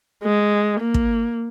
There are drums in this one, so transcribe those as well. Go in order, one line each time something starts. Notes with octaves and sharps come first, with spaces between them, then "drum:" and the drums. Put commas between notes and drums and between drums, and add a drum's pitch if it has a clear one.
G#3
A#3
drum: kick